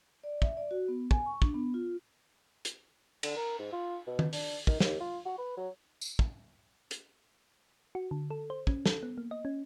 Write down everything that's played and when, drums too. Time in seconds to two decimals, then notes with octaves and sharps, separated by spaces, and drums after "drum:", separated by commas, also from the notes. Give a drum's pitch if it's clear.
0.24 D5
0.42 E5, drum: kick
0.57 D5
0.71 F#4
0.88 B3
1.11 G#5, drum: kick
1.26 C#6
1.42 D4, drum: kick
1.54 B3
1.74 F4
2.65 drum: hi-hat
3.23 D3, drum: cymbal
3.36 A#4
3.59 G#2
3.72 F4
4.07 B2
4.19 drum: tom D#3
4.33 D4, drum: open hi-hat
4.67 D#3, drum: kick
4.80 D#2, drum: snare
5.00 F4
5.25 F#4
5.38 B4
5.57 F#3
6.01 drum: tambourine
6.19 drum: kick
6.91 drum: hi-hat
7.95 F#4
8.11 D3
8.30 A4
8.50 C5
8.67 C#4, drum: kick
8.86 A4, drum: snare
9.03 B3
9.18 A#3
9.31 D#5
9.45 C#4